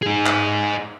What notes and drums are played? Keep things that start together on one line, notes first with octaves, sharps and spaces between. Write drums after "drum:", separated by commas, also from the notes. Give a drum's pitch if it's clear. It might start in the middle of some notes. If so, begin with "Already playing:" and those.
D#4 G#4
drum: clap